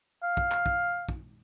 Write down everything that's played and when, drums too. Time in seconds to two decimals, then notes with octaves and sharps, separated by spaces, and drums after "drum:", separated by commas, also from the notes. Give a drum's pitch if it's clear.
0.23 F5
0.37 drum: kick
0.51 drum: clap
0.66 drum: kick
1.09 drum: kick